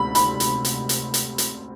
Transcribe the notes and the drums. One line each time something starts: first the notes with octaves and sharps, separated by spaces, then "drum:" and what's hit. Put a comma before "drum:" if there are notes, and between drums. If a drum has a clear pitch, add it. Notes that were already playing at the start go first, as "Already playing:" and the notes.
Already playing: D2 C3 B5
B5, drum: hi-hat
drum: hi-hat
drum: hi-hat
drum: hi-hat
drum: hi-hat
drum: hi-hat